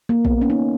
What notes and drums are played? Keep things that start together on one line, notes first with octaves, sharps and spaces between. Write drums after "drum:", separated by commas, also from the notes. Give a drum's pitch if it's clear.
A#3
B3, drum: kick A#1
C#4
D#4